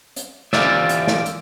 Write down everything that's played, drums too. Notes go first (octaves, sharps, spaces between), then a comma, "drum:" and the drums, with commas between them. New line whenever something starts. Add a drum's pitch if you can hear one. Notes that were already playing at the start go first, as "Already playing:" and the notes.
drum: hi-hat
E3 F4 G4 D5 E5, drum: snare
drum: hi-hat
drum: snare
drum: hi-hat